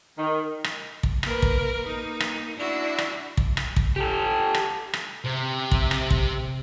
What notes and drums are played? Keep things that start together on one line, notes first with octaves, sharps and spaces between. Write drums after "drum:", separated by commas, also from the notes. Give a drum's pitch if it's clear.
D#3
drum: rim click
drum: kick
A#3 A#4 B4, drum: rim click
drum: kick
A#3 D#4
drum: rim click
D4 E4 F#4
drum: rim click
drum: kick
drum: rim click
drum: kick
G4 A4
drum: rim click
drum: rim click
C3
drum: kick
drum: rim click
drum: kick